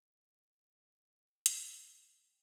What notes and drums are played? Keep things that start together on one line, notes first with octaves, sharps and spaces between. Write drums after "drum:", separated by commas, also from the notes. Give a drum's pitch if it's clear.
A#3
F2
F#4
E4
D4
E4
C4
A#3, drum: hi-hat
A#3
G#3
A3
G3